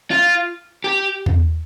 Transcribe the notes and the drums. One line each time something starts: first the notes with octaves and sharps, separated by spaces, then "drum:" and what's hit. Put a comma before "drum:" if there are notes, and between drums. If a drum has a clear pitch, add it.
F4
G4
drum: tom E2